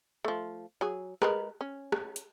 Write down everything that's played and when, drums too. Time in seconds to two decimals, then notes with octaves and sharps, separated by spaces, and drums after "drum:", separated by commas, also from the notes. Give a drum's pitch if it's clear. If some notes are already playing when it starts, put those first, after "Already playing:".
0.25 F3 A3
0.81 F#3 G#4
1.22 G#3 A#4 B4, drum: rim click
1.61 C#4
1.92 drum: rim click
2.16 drum: hi-hat